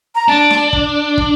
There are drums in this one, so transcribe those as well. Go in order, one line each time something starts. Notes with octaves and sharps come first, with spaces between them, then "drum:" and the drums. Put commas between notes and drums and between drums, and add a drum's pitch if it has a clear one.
A#5
D4 A5
drum: snare D4
drum: kick
drum: kick